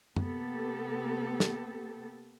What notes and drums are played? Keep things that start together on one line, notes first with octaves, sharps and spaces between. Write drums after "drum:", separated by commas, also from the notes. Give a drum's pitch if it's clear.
C3 A#3 B3 G4 A4, drum: tom F#2
drum: snare